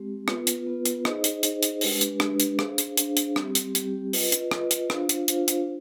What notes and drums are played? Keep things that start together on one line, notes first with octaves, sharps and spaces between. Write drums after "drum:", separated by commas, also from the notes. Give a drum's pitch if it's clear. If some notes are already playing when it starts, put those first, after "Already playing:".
Already playing: G#3 C4 G4
B3 F4 B4, drum: rim click
drum: hi-hat
B3 F4 B4
drum: hi-hat
D#4 G#4 C5 D#5, drum: rim click
drum: hi-hat
D#4 G#4 C5 D#5, drum: hi-hat
drum: hi-hat
G#3 D4 G4 B4, drum: open hi-hat
drum: hi-hat
G#3 D4 G4 B4, drum: rim click
drum: hi-hat
D4 G#4 C5 F5, drum: rim click
drum: hi-hat
D4 G#4 C5 F5, drum: hi-hat
drum: hi-hat
G3 C4 G4, drum: rim click
drum: hi-hat
G3 C4 G4, drum: hi-hat
F4 B4 D#5, drum: open hi-hat
drum: hi-hat
F4 B4 D#5, drum: rim click
drum: hi-hat
D4 F4 C5 F5, drum: rim click
drum: hi-hat
D4 F4 C5 F5, drum: hi-hat
drum: hi-hat